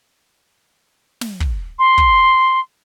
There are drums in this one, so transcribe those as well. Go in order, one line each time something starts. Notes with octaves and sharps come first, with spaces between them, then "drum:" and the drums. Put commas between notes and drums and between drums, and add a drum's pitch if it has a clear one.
drum: snare
drum: kick
C6
drum: kick